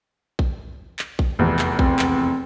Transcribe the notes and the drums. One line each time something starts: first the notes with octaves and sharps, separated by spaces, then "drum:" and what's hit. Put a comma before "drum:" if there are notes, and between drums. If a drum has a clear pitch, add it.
drum: kick A#1
drum: clap
drum: kick A#1
F1 E2
drum: clap
C4, drum: kick A#1
drum: clap